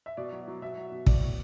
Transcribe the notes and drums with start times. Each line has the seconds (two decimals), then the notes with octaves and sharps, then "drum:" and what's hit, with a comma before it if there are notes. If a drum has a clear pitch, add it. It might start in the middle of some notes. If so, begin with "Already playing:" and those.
0.06 E5
0.17 B2 D5
0.32 F#3
0.47 F#3
0.62 B2 E5
0.77 F#3
0.92 B2
1.06 A2 D5, drum: kick
1.21 A2